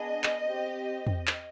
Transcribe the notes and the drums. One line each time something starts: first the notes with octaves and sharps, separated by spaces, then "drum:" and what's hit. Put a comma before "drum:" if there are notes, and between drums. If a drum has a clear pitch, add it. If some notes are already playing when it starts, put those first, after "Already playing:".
Already playing: B3 D4 G#4 D#5
drum: clap
C4 G4
drum: tom E2
drum: clap